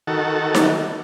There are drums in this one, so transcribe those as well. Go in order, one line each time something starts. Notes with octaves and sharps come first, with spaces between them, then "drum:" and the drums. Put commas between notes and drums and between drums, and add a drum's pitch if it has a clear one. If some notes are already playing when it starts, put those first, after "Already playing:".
D#3 F#4 A4
drum: snare D#4